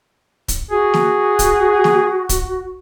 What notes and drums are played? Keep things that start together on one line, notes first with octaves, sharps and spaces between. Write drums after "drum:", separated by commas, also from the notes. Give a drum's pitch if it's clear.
drum: kick, hi-hat
F#4 G#4
drum: snare
drum: kick, hi-hat
drum: snare
drum: kick, hi-hat